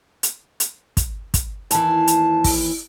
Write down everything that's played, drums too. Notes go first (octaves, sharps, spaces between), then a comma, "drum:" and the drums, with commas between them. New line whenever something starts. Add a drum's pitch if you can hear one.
drum: hi-hat
drum: hi-hat
drum: kick, hi-hat
drum: kick, hi-hat
D#2 E3 A5, drum: hi-hat
drum: hi-hat
drum: kick, open hi-hat